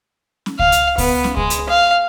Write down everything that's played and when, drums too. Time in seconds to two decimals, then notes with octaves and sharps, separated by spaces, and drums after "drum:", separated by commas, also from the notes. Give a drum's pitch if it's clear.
0.46 drum: snare
0.59 F5, drum: kick C#2
0.72 drum: hi-hat
0.98 B3, drum: kick C#2, open hi-hat
1.24 drum: snare
1.37 G#3, drum: kick C#2
1.50 drum: hi-hat
1.70 F5